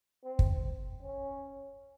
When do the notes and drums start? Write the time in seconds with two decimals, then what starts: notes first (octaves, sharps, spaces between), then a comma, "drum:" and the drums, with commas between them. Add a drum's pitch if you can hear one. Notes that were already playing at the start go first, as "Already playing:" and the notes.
0.24 C4
0.39 drum: kick
1.02 C#4